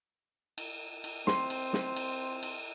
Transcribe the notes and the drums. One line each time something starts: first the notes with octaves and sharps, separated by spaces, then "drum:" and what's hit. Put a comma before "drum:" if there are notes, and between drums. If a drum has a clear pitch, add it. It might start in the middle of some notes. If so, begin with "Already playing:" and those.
drum: cymbal
drum: cymbal
C4 C6, drum: snare
drum: cymbal
drum: snare
drum: cymbal
drum: cymbal